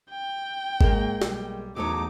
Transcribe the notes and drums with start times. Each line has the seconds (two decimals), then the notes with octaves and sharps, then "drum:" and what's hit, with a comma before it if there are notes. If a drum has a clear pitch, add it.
0.10 G5
0.81 G#2 G#3 A#3, drum: kick G#1
1.22 B1 G3, drum: snare
1.76 E2 F#3 A3 D#4 C#5 D6